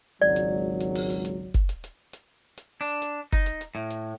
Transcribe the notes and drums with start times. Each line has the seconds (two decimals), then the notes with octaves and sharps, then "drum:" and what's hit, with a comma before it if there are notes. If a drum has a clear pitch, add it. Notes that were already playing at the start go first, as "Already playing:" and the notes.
0.22 G#1 C#2 F#3 D5
0.36 drum: hi-hat
0.81 drum: hi-hat
0.95 drum: open hi-hat
1.10 drum: hi-hat
1.25 drum: hi-hat
1.54 drum: kick F#1, hi-hat
1.69 drum: hi-hat
1.84 drum: hi-hat
2.13 drum: hi-hat
2.58 drum: hi-hat
2.81 D4
3.02 drum: hi-hat
3.32 D#4, drum: kick F#1, hi-hat
3.46 drum: hi-hat
3.61 drum: hi-hat
3.75 A2
3.91 drum: hi-hat